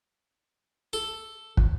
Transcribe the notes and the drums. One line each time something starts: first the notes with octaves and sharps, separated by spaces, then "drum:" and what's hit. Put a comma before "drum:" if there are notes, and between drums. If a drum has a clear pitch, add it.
A4
drum: kick